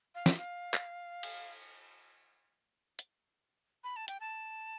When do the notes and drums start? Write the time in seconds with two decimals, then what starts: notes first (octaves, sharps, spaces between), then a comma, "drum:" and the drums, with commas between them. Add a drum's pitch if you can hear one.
0.15 F5
0.26 E5, drum: snare
0.38 F5
0.74 drum: clap
1.23 drum: cymbal
2.99 drum: hi-hat
3.84 B5
3.96 A5
4.08 G5, drum: hi-hat
4.20 A5